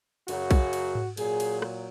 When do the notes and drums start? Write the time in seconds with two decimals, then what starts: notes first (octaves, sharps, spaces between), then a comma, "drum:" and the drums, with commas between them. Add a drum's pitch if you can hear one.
0.28 F#2 C#3 F#3 F#4, drum: cymbal
0.51 drum: kick B1, cymbal
0.73 drum: cymbal
0.95 drum: tom G#2
1.17 A#2 F#3 G#4, drum: cymbal
1.40 drum: cymbal
1.62 drum: rim click